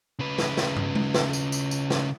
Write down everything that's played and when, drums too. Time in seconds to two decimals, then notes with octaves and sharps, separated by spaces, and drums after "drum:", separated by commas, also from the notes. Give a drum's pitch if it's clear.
0.19 C#3 B4
0.38 drum: snare
0.57 drum: snare
0.76 drum: tom
0.95 drum: tom G#3
1.14 drum: snare
1.33 drum: tambourine
1.52 drum: tambourine
1.71 drum: tambourine
1.90 drum: snare